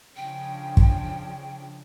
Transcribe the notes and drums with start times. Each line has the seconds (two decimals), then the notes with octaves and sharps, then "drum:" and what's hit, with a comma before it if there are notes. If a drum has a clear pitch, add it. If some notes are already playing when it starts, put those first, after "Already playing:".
0.16 C#3 F3 D4 G5
0.77 drum: kick